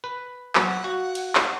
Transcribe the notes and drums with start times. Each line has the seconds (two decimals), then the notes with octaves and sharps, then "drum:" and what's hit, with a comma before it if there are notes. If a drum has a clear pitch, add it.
0.04 B4
0.55 F#3 F#5, drum: clap
0.84 F#4 F5
1.15 drum: cymbal
1.35 drum: clap